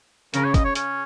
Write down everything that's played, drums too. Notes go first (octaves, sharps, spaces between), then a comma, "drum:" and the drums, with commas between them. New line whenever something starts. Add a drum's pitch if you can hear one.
C#3 A#4, drum: hi-hat
C#5
D#5, drum: kick, hi-hat
C#5
C#4, drum: hi-hat